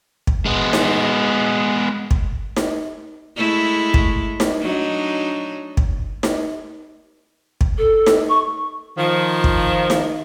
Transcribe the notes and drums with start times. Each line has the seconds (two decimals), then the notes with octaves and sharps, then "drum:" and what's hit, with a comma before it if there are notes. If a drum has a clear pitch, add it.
0.27 drum: kick
0.46 G#3 B3
0.73 drum: snare D#4
2.11 drum: kick
2.57 drum: snare D#4
3.36 G#3 A3 E4
3.94 drum: kick
4.40 drum: snare D#4
4.61 F#3 D4 D#4
5.77 drum: kick
6.23 drum: snare D#4
7.61 drum: kick
7.78 A4
8.06 drum: snare D#4
8.29 C#6
8.98 D#3 F3
9.44 drum: kick
9.90 drum: snare D#4